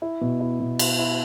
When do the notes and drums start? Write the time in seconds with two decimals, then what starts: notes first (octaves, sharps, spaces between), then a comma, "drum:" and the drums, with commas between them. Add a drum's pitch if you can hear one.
0.02 E4
0.21 B2
0.40 E4
0.60 B2
0.79 E4, drum: cymbal
0.99 E4